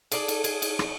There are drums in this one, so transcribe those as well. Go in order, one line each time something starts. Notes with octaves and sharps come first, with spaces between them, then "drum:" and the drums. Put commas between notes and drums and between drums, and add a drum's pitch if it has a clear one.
G#4 A4 D5 A5, drum: cymbal
drum: cymbal
G#4, drum: cymbal
drum: cymbal
drum: rim click